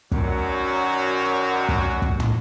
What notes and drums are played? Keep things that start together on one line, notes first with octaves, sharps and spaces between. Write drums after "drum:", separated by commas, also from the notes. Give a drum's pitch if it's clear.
F#2 D#3 F#3 D4 F#4, drum: kick
drum: kick
drum: kick
drum: tom